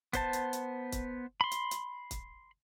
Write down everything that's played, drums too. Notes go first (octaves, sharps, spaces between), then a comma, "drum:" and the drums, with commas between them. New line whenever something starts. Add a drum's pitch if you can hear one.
B3 C5 A5, drum: kick, hi-hat
drum: hi-hat
drum: hi-hat
drum: kick, hi-hat
B5 C6
drum: hi-hat
drum: hi-hat
drum: kick, hi-hat